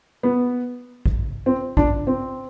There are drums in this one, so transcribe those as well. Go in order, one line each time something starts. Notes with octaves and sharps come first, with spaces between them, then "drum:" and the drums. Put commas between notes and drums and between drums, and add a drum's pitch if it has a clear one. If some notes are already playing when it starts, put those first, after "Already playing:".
B3
drum: kick A1
C4
D4, drum: kick A1
C4